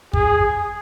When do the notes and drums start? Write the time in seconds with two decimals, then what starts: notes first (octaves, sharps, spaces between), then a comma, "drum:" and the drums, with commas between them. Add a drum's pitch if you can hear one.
0.14 G#4, drum: kick